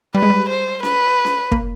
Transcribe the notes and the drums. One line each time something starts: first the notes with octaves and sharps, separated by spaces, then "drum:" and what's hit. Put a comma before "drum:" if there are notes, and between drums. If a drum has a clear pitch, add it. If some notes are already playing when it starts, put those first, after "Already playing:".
G3 B4
G#3
G3
C5
B4, drum: snare C#4
drum: snare C#4
A#3, drum: kick